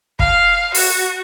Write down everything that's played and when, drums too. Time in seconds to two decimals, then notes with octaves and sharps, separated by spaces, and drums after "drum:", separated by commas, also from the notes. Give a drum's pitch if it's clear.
0.19 F5, drum: kick
0.75 F#4, drum: open hi-hat